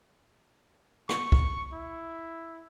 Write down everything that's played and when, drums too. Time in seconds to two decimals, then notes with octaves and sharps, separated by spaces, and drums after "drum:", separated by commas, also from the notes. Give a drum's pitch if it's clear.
1.09 C#6, drum: rim click
1.32 drum: kick
1.73 E4